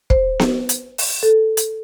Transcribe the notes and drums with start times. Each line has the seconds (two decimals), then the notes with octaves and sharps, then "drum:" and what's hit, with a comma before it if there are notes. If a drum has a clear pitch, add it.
0.10 C5, drum: kick
0.39 drum: snare B3
0.69 drum: hi-hat
0.98 drum: open hi-hat
1.23 A4
1.57 drum: hi-hat